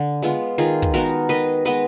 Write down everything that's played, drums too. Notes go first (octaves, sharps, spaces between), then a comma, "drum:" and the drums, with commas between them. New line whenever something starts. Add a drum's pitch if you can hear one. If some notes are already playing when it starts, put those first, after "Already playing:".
Already playing: D3
G#3 B3 F4
D#3 F4 G#4, drum: open hi-hat
drum: kick
G#3 B3 D#4 F#4 A#4
drum: hi-hat
D#3 B4 D#5
G#3 B3 B4 D#5